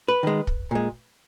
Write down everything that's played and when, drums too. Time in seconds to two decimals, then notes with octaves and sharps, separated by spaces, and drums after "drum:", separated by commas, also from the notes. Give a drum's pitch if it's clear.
0.08 B4
0.23 D#3 G#3
0.47 drum: kick
0.71 A#2 G#3